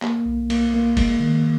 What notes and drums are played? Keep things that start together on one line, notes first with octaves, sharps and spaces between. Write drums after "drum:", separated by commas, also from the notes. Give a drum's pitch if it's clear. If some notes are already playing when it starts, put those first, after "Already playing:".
A#3, drum: clap
B1
A#3, drum: cymbal
A#3
G#3, drum: kick F1, cymbal
D#3